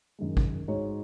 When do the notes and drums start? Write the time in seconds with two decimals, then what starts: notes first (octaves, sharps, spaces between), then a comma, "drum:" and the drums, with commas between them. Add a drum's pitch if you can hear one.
0.19 F#2 D#3 G#3
0.37 drum: kick G#1
0.68 G#2 G#3 D#4 F#4 C#5